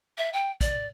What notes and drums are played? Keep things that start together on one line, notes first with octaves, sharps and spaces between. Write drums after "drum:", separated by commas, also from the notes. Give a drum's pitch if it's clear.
E5
G5
D5, drum: kick, hi-hat